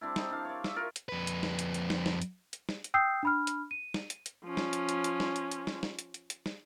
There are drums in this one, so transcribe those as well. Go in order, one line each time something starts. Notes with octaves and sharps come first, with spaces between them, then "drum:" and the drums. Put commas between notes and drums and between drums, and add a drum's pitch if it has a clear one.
G3 C4 D4 E4
D#4 C5, drum: snare
D4 E4 F5
C#5 D5
E5, drum: snare
F4 A#4 C#5
drum: hi-hat
F2 B4
drum: hi-hat
drum: snare
drum: hi-hat
drum: hi-hat
drum: snare
drum: snare
drum: hi-hat
drum: hi-hat
drum: snare
drum: hi-hat
G5 D#6 E6 G6 C7
D4 B5 F6
drum: hi-hat
D#7
drum: snare
drum: hi-hat
drum: hi-hat
F3 C#4
drum: snare
drum: hi-hat
drum: hi-hat
drum: hi-hat
drum: snare
drum: hi-hat
drum: hi-hat
drum: snare
drum: snare
drum: hi-hat
drum: hi-hat
drum: hi-hat
drum: snare